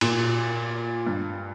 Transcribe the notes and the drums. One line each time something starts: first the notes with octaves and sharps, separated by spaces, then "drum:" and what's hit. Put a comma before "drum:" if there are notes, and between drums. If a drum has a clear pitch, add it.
A#2, drum: cymbal
G2